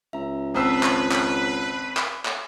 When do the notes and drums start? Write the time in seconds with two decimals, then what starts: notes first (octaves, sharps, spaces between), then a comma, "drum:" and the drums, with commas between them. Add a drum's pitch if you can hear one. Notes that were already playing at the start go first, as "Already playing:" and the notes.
0.13 C#2 E5 A#5
0.55 G#1 C4 B4 C5 A5 D#6 E6
0.83 drum: clap
1.11 drum: clap
1.97 drum: clap
2.25 drum: clap